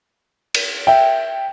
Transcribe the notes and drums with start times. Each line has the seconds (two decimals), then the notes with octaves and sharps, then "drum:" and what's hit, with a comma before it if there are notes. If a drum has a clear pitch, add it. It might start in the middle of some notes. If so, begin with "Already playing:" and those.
0.55 drum: cymbal
0.87 E5 G5